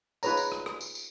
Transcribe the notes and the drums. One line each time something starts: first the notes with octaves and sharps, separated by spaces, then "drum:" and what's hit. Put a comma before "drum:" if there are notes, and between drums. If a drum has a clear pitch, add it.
D#4 F4 G#4 B4 C#5 A#5, drum: tambourine
drum: tambourine
drum: rim click
drum: rim click
drum: tambourine
drum: tambourine